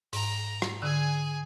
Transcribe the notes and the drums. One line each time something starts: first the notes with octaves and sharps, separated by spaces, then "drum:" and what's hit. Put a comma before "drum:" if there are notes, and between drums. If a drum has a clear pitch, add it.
G#2 A#5, drum: open hi-hat
drum: rim click
D3 G#4 G#5 E6